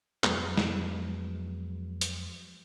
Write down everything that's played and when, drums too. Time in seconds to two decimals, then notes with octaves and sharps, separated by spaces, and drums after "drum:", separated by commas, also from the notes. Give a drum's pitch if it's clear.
0.24 F2 F#3 G#3 B3, drum: clap
0.57 drum: snare
2.01 drum: hi-hat